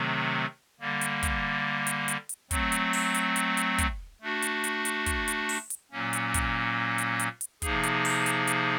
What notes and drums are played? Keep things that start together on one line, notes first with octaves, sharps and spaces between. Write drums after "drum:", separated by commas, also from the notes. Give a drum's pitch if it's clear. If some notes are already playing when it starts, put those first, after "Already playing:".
Already playing: C3 D#3 F#3 A3 C4
D3 G3 A#3
drum: hi-hat
drum: kick, hi-hat
drum: hi-hat
drum: hi-hat
drum: hi-hat
F#3 A3 C4, drum: kick, hi-hat
drum: hi-hat
drum: open hi-hat
drum: hi-hat
drum: hi-hat
drum: hi-hat
drum: kick, hi-hat
A3 D4 F#4
drum: hi-hat
drum: hi-hat
drum: hi-hat
drum: kick, hi-hat
drum: hi-hat
drum: open hi-hat
drum: hi-hat
A#2 F#3 A#3 C#4
drum: hi-hat
drum: kick, hi-hat
drum: hi-hat
drum: hi-hat
drum: hi-hat
C3 F3 A#3 D#4 G#4, drum: kick, hi-hat
drum: hi-hat
drum: open hi-hat
drum: hi-hat
drum: hi-hat